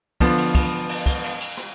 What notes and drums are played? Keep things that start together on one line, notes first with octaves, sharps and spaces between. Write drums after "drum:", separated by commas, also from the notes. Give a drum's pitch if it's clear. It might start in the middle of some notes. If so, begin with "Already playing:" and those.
D3 F3 B3, drum: kick, cymbal
drum: cymbal
drum: kick, cymbal
drum: cymbal
drum: kick, cymbal
drum: cymbal
drum: cymbal
drum: rim click